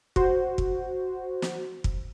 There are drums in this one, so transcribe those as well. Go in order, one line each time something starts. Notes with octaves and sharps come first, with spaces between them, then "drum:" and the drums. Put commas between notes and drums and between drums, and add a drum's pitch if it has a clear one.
F#4 C5, drum: kick
drum: kick
drum: snare
drum: kick